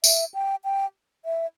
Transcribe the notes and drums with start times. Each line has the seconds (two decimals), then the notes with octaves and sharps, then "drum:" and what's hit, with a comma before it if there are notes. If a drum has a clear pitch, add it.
0.04 E5, drum: tambourine
0.34 G5
0.64 G5
1.25 E5